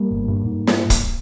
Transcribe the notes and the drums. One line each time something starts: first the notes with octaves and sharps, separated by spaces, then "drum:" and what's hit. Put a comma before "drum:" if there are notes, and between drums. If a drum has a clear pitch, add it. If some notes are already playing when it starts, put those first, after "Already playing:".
Already playing: G3 A#3
G1
G2
G#2
drum: snare
drum: kick, hi-hat